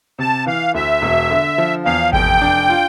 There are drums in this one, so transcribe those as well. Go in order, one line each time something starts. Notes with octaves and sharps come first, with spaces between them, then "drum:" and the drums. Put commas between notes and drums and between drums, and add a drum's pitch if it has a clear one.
C3 A5
E3 F5
D2 E5
E1
D3
F3
E2 F5
F1 G5, drum: kick G#1
D4
F4